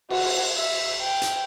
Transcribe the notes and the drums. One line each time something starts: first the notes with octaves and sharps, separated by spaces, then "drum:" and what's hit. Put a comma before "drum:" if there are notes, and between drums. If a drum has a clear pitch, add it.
F#4, drum: cymbal
drum: cymbal
E5
G5
drum: hi-hat